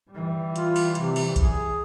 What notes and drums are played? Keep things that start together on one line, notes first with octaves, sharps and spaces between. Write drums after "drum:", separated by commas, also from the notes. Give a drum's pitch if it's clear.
E3 G3
F4, drum: hi-hat
drum: open hi-hat
C3, drum: hi-hat
drum: open hi-hat
G#4, drum: kick A#1, hi-hat